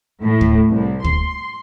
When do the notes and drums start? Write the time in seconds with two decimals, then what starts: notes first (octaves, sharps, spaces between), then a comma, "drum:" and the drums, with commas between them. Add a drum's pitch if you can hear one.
0.22 A2
0.41 drum: kick
0.69 C2
1.04 C6, drum: kick